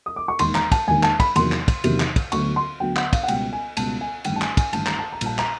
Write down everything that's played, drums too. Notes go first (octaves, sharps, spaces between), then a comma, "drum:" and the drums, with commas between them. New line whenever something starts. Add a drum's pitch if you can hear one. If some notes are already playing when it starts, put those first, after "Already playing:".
D#6
D6
C#6
E1 D#2 D#3 C6, drum: cymbal
A#5, drum: clap
A5, drum: kick, cymbal
E1 D#2 D#3 G#5
A5, drum: clap
B5, drum: kick, cymbal
E2 C3 D#3 F#3 A#3 C6, drum: cymbal
drum: clap
drum: kick, cymbal
E2 C3 D#3 F#3 A#3, drum: cymbal
drum: clap
drum: kick, cymbal
D2 D3 F#3 B3 C#6, drum: cymbal
C6
D2 D3 F#3 B3 G5
F#5, drum: clap
F5, drum: kick, cymbal
F#5
C#2 B2 G3 B3 G5, drum: cymbal
G#5
C#2 B2 G3 B3 A5, drum: cymbal
G#5
A1 G2 D#3 G5, drum: cymbal
A5
G#5, drum: clap
G#5, drum: kick, cymbal
A1 G2 D#3 A5, drum: cymbal
A#5, drum: clap
A5
A#5
A#1 A#2 G3 A5, drum: cymbal
A#5, drum: clap